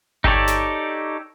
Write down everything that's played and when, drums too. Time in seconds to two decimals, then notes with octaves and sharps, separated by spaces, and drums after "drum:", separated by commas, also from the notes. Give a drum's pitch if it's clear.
0.24 D#4 G4 A4 C#5 D5, drum: kick G1
0.48 drum: snare